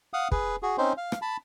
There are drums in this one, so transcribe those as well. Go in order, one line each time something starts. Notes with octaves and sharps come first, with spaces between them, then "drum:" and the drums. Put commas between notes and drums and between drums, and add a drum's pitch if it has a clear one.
F5 F#5 D#6
G#4 B4, drum: kick
F#4 G#4
C4 C#4 D#4 C5
F5
drum: rim click
A5 B5